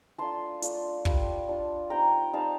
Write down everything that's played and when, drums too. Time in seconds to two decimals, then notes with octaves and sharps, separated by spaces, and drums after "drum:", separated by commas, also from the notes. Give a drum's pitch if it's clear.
0.18 A3 D4 F4 A5 C6
0.62 A3 D4 F4, drum: hi-hat
1.05 G3 D4 F4, drum: kick
1.48 G3 D4 F4
1.90 G3 C4 D#4 G5 A#5
2.33 G3 C4 D#4 F5 A5